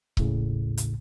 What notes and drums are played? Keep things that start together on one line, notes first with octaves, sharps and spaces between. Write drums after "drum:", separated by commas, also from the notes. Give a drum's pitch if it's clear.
A1 D#2 A2 C#3, drum: kick C#1
drum: hi-hat